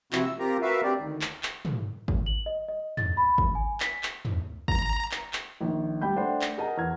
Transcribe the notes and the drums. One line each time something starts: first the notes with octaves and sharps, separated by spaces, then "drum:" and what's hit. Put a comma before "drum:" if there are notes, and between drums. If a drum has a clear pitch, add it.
C3 F3 C4 E4 F#4, drum: clap
E6
C4 F4 G4 A#4 A#5
F#4 A#4 B4 E5 F5
C4 D4 G4 D5
D2 D#3
drum: clap
drum: clap
drum: tom
drum: kick G#1
F#7
D#5
D#5
A6, drum: tom
B5
drum: kick G#1
G#5
B6, drum: clap
drum: clap
drum: tom
A#5, drum: kick G#1
drum: clap
drum: clap
A#1 D#3
G3 G5 B5 G6
A3 D4 C5 F#5 G5
drum: clap
G#4 A#4 D#5 F#5 A5 A#5
E2 A#5 F6 G#6